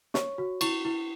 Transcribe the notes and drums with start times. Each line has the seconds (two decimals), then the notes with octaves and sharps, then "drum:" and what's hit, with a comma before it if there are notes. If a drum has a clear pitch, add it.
0.14 C#5 C#6, drum: snare
0.38 F#4
0.61 E4 C#6, drum: cymbal
0.85 E4